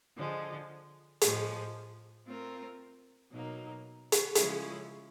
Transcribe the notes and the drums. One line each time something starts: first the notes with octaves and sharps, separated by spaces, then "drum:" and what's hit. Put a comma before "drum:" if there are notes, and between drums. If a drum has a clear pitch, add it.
D3 F3 G#3
A2 F3 G#3, drum: hi-hat
A3 C4 F4 A#4
B2 F#3 A#3 D#4
drum: hi-hat
C#3 F3 G#3 C#4 E4, drum: hi-hat